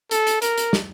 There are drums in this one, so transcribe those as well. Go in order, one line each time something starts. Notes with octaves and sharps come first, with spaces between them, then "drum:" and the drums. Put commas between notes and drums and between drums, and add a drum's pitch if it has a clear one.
A4, drum: hi-hat
drum: hi-hat
A#4, drum: hi-hat
drum: hi-hat
drum: snare